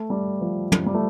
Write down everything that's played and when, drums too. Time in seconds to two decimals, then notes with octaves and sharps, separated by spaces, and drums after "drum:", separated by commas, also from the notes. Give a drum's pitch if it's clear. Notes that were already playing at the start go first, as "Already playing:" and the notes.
Already playing: A3
0.10 G3
0.41 F3
0.72 drum: tom
0.86 G3
0.95 A3